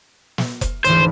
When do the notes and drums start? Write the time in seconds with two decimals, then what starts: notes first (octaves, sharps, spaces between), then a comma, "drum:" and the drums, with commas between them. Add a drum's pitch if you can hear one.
0.38 drum: snare
0.61 drum: kick F1, hi-hat
0.85 G#1 D2 E3 C5, drum: hi-hat